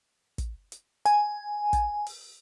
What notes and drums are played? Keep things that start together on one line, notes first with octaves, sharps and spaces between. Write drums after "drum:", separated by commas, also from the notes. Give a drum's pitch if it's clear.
drum: kick, hi-hat
drum: hi-hat
G#5, drum: hi-hat
drum: kick, hi-hat
drum: open hi-hat